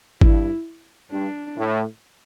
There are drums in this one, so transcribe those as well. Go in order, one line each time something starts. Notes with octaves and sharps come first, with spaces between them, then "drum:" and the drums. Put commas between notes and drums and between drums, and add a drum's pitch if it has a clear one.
G2 E4, drum: kick G#1
G2 D4
A2